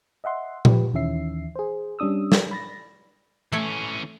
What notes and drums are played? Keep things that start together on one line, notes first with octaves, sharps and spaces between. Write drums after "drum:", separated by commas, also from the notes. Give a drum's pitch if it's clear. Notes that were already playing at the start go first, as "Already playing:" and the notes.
D#5 E5 F#5 C6
F3 G4 B4, drum: tom A#2
D#2 D#3 E3 C#4 E5 C7
G#4 C5
G3 C#4 D4 D#6 E6
drum: snare
B5 A6 A#6
E3 A3 C#4 C#5